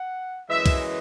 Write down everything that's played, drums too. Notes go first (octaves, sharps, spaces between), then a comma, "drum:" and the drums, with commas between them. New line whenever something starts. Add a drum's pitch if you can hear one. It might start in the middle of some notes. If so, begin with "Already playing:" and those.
Already playing: F#5
F#2 E3 G#3 E5
drum: kick, cymbal